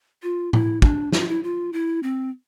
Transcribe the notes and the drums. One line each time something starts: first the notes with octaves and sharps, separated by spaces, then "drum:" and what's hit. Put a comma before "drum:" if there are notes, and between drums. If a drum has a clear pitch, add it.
F4
E4, drum: tom A2
D4, drum: kick
E4, drum: snare
F4
E4
F4
E4
C4